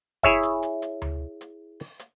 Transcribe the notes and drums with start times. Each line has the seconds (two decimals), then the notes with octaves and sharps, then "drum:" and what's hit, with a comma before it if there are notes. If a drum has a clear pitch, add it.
0.23 E4 G#4 C#5 E5, drum: kick, hi-hat
0.43 drum: hi-hat
0.63 drum: hi-hat
0.82 drum: hi-hat
1.02 drum: tom D2
1.41 drum: hi-hat
1.80 drum: open hi-hat
1.99 drum: hi-hat